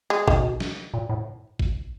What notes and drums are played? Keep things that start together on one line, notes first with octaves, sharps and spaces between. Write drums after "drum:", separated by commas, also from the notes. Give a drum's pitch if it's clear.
G#3
B2 D#3, drum: kick A1
drum: snare
A#2
A2
drum: kick A1